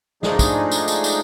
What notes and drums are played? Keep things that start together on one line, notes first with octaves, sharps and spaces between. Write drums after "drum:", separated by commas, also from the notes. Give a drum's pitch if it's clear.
F3 G#3 A3 D4 D#4 G#4, drum: snare
drum: kick, tambourine
drum: tambourine
drum: tambourine
drum: tambourine